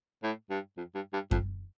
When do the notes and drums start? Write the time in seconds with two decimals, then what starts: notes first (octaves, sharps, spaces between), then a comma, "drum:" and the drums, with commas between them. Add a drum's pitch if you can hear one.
0.23 A2
0.50 G2
0.78 F2
0.95 G2
1.13 G2
1.31 F2, drum: kick F#2